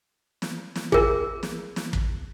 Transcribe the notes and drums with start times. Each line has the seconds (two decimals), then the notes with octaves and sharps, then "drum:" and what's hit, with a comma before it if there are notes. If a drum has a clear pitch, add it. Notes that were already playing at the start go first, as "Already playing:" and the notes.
0.42 drum: snare
0.75 drum: snare
0.92 G#4 A#4, drum: kick
1.43 drum: snare
1.76 drum: snare
1.93 drum: kick